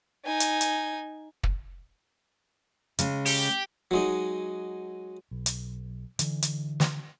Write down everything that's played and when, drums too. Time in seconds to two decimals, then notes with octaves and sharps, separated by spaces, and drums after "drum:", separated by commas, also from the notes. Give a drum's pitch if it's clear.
0.25 D#4 G#5
0.40 drum: hi-hat
0.61 drum: hi-hat
1.43 drum: kick
2.99 C#3 G#3, drum: hi-hat
3.26 G4, drum: open hi-hat
3.91 F#3 G#3 D#4
5.31 B1
5.46 drum: hi-hat
6.19 D3 E3, drum: hi-hat
6.42 drum: hi-hat
6.80 drum: snare